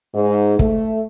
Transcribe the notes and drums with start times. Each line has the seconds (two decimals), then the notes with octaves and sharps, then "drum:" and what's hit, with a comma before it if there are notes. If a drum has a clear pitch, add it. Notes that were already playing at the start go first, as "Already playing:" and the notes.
0.14 G#2
0.59 A3, drum: kick